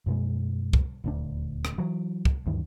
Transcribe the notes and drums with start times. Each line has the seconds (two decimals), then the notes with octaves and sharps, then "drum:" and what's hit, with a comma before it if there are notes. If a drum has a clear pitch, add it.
0.06 F#2 B2 G#3
0.73 drum: kick
1.04 D#1 D2 D4
1.65 drum: rim click
1.78 E3 F#3
2.25 drum: kick
2.46 D2 G2 D#3 E3